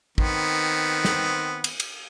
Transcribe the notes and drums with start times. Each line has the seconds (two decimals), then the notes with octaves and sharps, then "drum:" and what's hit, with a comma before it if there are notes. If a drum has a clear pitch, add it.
0.18 D#3 B3 C4, drum: kick
1.05 drum: snare
1.64 drum: cymbal
1.80 drum: cymbal